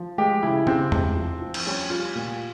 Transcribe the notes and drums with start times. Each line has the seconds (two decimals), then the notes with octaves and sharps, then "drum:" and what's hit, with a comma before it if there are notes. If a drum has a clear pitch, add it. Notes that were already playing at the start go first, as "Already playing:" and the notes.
Already playing: F3
0.18 G#3 G4
0.43 C#3 E4
0.67 C3 C4, drum: tom C#3
0.92 G#3, drum: tom E2
1.17 F3
1.42 F3
1.54 drum: cymbal
1.66 G3 C#4
1.90 G3 F4
2.15 A#2